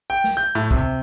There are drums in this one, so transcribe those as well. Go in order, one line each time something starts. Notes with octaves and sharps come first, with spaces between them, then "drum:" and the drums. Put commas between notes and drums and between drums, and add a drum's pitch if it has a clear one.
G5
drum: snare
G6
A2
C3, drum: kick